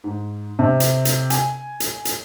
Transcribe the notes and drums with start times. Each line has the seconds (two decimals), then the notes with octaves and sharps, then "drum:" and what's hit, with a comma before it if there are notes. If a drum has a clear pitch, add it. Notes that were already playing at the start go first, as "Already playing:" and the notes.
0.04 G#2
0.59 C3
0.80 drum: hi-hat
1.05 drum: hi-hat
1.30 G#5, drum: hi-hat
1.80 drum: hi-hat
2.05 drum: hi-hat